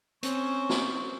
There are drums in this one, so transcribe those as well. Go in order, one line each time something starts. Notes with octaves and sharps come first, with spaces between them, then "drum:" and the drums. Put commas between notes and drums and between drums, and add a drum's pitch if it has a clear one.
C4 C#4 C5 C#6, drum: hi-hat
drum: snare